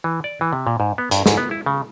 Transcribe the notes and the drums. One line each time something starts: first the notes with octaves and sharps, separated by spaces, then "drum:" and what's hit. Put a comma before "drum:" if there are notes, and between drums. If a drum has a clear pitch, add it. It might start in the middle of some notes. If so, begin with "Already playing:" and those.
E3
D5
E3
C3
A#2
G#2
B3
G2, drum: hi-hat
G#2, drum: snare
B3
E4
C#3